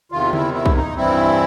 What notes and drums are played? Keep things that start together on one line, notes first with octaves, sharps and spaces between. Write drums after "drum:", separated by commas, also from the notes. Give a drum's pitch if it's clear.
E2 C3 D#3 F4
E4, drum: tom C#3
E4
drum: kick B1
D#4
G2 E3 G3 C4 E4